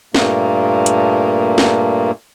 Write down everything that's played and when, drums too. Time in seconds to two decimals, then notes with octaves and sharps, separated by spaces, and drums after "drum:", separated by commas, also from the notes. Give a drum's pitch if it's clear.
0.15 G2 A#2 A3 A#3, drum: snare
0.86 drum: hi-hat
1.58 drum: snare